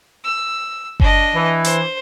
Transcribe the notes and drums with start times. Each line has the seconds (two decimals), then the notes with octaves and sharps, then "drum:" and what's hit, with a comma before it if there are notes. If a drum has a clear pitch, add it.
0.24 E6
1.00 D4 D#5, drum: kick F#1
1.35 E3
1.65 C5, drum: hi-hat